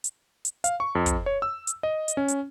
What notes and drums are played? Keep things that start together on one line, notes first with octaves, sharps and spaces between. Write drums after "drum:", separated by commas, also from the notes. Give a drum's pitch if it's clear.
drum: hi-hat
drum: hi-hat
F5, drum: hi-hat
C#6
F2
drum: kick, hi-hat
C#5
E6
drum: hi-hat
D#5
drum: hi-hat
C#4
drum: hi-hat